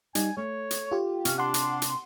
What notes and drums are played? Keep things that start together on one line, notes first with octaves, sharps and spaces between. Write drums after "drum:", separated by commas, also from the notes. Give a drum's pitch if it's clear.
G3 D#4 G#5, drum: hi-hat
A3 C#5
drum: hi-hat
F4 G4
C3 C#4, drum: hi-hat
D4 F#5 C6
drum: hi-hat
drum: hi-hat